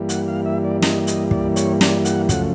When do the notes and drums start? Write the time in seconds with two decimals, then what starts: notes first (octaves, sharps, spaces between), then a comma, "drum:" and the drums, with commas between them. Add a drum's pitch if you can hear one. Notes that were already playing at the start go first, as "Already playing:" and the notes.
Already playing: G2 E3 G3 A#3
0.09 F#5, drum: hi-hat
0.28 F5
0.46 E5
0.64 D5
0.82 D#5, drum: snare
1.07 D#5, drum: hi-hat
1.31 D5, drum: kick
1.56 C#5, drum: hi-hat
1.81 D5, drum: snare
2.05 F#5, drum: hi-hat
2.29 F#2 C#3 F3 A3 F#5, drum: kick, hi-hat